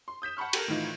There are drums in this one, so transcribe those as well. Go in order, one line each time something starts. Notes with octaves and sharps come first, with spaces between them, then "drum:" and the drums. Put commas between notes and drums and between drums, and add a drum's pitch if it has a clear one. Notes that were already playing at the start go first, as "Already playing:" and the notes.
C6
D#6 G6 B6 E7
F#5 A5 B5 C#6 F6
G4 A4 A#4, drum: cymbal
A2 D#3 E3 D#4 F4